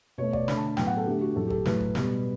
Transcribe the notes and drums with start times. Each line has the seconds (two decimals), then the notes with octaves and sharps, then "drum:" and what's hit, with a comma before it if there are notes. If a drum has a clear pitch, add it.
0.18 B2 A3 C#5
0.33 D5, drum: kick F#1
0.48 D3 A3 B5, drum: snare
0.57 A5
0.67 A5
0.77 A2 F#3 B3 G5, drum: snare
0.87 F#5
0.97 A4
1.06 D3 A3 G4
1.21 F#4
1.36 A2 F#3 A3 A4
1.47 G4
1.50 A4, drum: kick F#1
1.65 A2 F#3 A3 B4, drum: snare
1.80 drum: kick F#1
1.95 B2 G3 B3, drum: snare